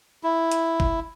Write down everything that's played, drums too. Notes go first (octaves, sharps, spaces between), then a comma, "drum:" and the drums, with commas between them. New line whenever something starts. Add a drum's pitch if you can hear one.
E4
drum: hi-hat
drum: kick